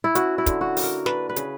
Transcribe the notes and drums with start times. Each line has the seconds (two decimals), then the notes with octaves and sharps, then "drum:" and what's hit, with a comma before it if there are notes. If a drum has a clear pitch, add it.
0.04 E4
0.15 C#4 F#4, drum: hi-hat
0.38 E4
0.46 D3, drum: kick, hi-hat
0.61 F#4
0.77 A#3, drum: open hi-hat
0.83 A#4
1.06 D4 B4, drum: snare
1.29 B4
1.36 C#3, drum: hi-hat